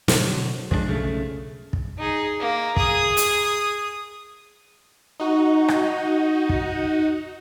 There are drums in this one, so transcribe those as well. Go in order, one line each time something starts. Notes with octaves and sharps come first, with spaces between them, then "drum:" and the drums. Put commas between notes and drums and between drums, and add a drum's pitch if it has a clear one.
B2 D3 D#3 F#3, drum: snare
F3 G#3 A3 D4, drum: kick
B1 C#3 A3
drum: kick
D#4 G#4
A#3
G#4 D#6, drum: kick
drum: hi-hat
D#4 F#4
drum: rim click
drum: kick